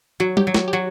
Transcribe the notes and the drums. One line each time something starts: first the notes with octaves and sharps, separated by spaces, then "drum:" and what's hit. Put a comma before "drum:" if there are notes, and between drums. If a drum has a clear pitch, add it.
F#3 F#4
G4, drum: tom G3
F#3
F#4, drum: snare
G4
F#3 F#4